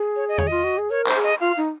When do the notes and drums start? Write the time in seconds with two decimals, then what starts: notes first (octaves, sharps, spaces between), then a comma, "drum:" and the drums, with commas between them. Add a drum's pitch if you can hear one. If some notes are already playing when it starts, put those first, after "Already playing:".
Already playing: G#4
0.16 C#5
0.29 D#5
0.38 C#5, drum: tom E2
0.47 F4 D#5
0.64 F#4
0.78 G#4
0.90 A#4 C#5
1.07 C5, drum: clap
1.16 G#4
1.24 D#5
1.40 F4 F5
1.57 D#4